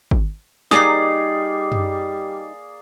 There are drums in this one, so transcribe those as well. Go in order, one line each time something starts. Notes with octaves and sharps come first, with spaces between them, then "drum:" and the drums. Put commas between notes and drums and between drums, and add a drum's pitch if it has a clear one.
drum: kick G#1
G3 A#3 D#4 G#4 D5 D#6 C7, drum: snare
drum: tom F#2